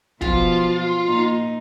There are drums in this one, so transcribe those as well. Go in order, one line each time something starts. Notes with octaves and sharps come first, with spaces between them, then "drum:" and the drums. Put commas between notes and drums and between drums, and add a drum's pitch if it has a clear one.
B2 F3 F4, drum: kick
A#2 D#4